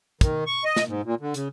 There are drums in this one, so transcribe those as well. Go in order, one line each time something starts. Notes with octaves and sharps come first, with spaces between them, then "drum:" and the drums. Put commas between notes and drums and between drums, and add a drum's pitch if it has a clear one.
D#3, drum: kick, hi-hat
C#6
D#5
drum: snare
G#2
A#2
D3
C#3, drum: hi-hat